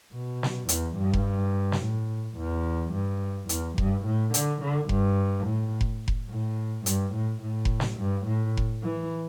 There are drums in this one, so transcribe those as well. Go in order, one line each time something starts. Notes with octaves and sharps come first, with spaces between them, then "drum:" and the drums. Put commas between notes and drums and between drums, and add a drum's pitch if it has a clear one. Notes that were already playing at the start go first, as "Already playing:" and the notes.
B2
drum: snare
E2, drum: hi-hat
G2
drum: kick F1
drum: snare
A2
E2
G2
E2, drum: hi-hat
G2, drum: kick F1
A2
D3, drum: hi-hat
D3
G2, drum: kick F1
A2
drum: kick F1
drum: kick F1
A2
G2, drum: hi-hat
A2
A2
drum: kick F1
drum: snare
G2
A2
drum: kick F1
E3